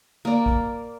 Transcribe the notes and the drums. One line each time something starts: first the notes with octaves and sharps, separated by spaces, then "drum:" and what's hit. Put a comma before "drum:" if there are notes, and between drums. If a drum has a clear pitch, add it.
A#3 D5
drum: kick A#1